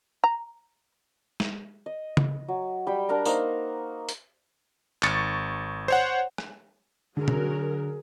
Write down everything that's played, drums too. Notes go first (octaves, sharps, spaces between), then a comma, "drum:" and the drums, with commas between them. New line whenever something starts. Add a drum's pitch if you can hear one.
A#5
drum: snare
D#5
drum: tom C#3
F#3
G3 G5 B5
D4 A#4 F#5 A#5
A#3 D#4 C5 C#6, drum: tambourine
drum: hi-hat
G#1 C#6 A6 C#7, drum: clap
C5 C#5 F#5
drum: rim click
D3 F#3 G#4 A#4
drum: tom